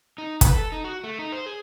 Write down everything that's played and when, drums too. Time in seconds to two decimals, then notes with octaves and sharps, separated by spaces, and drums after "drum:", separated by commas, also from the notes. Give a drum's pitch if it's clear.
0.18 D#4
0.41 B4, drum: kick, hi-hat
0.55 A4
0.72 D#4
0.84 F#4
1.04 A3
1.19 D#4
1.32 C5
1.46 G#4